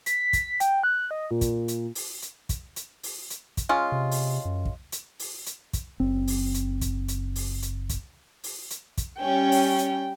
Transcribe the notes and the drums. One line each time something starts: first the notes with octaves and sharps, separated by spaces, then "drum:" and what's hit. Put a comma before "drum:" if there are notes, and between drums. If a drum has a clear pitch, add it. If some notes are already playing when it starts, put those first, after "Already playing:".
B6, drum: hi-hat
drum: kick, hi-hat
G5, drum: hi-hat
F#6
D#5
A#2
drum: kick, hi-hat
drum: hi-hat
drum: open hi-hat
drum: hi-hat
drum: kick, hi-hat
drum: hi-hat
drum: open hi-hat
drum: hi-hat
drum: kick, hi-hat
G#3 C#4 F4
C3
drum: open hi-hat
F#2
drum: kick
drum: hi-hat
drum: open hi-hat
drum: hi-hat
drum: kick, hi-hat
F#1 C4
drum: open hi-hat
drum: hi-hat
drum: kick, hi-hat
drum: hi-hat
drum: open hi-hat
drum: hi-hat
drum: kick, hi-hat
drum: open hi-hat
drum: hi-hat
drum: kick, hi-hat
G3 C#4 G5
drum: open hi-hat
drum: hi-hat